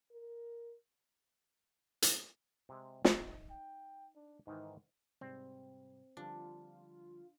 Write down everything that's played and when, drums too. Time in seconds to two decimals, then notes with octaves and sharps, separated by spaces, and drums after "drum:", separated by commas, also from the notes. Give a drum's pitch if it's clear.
0.11 A#4
2.02 drum: hi-hat
2.69 C3 G#3
3.05 D#4 E5, drum: snare
3.50 G5
4.16 D4
4.47 G#2 D#3 E3 D#4
5.21 G#2 C3 G3 C4
6.17 D3 F3 G3 D4 F4